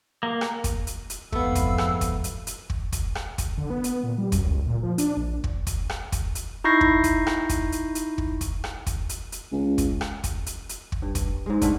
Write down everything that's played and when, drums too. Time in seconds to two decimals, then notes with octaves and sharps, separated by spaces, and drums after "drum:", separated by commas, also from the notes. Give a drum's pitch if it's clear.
0.23 A#3
0.41 drum: rim click
0.64 drum: kick, hi-hat
0.87 drum: hi-hat
1.10 drum: hi-hat
1.33 F2 G#2 A3 B3 F5 B5 E6, drum: kick
1.55 drum: kick, hi-hat
1.78 drum: rim click
2.01 drum: kick, hi-hat
2.24 drum: hi-hat
2.47 drum: hi-hat
2.70 drum: kick
2.92 drum: kick, hi-hat
3.15 drum: rim click
3.38 drum: kick, hi-hat
3.58 D3
3.70 B3
3.84 drum: hi-hat
4.04 A#2
4.18 G3
4.32 F#2, drum: kick, hi-hat
4.44 C#2
4.67 A#2
4.83 F3
4.98 D4, drum: hi-hat
5.17 A#1
5.44 drum: kick
5.67 drum: kick, hi-hat
5.89 drum: rim click
6.12 drum: kick, hi-hat
6.35 drum: hi-hat
6.64 D#4 E4 C#6 G6 A#6 C7
6.81 drum: kick
7.04 drum: kick, hi-hat
7.27 drum: rim click
7.49 drum: kick, hi-hat
7.72 drum: hi-hat
7.95 drum: hi-hat
8.18 drum: kick
8.41 drum: kick, hi-hat
8.64 drum: rim click
8.87 drum: kick, hi-hat
9.09 drum: hi-hat
9.32 drum: hi-hat
9.52 C#2
9.78 drum: kick, hi-hat
10.01 drum: rim click
10.24 drum: kick, hi-hat
10.46 drum: hi-hat
10.69 drum: hi-hat
10.92 drum: kick
11.02 G2
11.15 drum: kick, hi-hat
11.46 G#2 G#3
11.62 D3 A3 F4 F#5, drum: kick, hi-hat